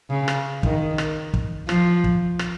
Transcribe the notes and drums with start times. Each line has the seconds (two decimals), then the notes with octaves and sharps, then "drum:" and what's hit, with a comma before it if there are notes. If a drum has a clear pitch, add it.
0.10 C#3
0.28 drum: rim click
0.63 D#3, drum: kick
0.98 drum: rim click
1.34 drum: kick
1.69 F3, drum: rim click
2.04 drum: kick
2.39 drum: rim click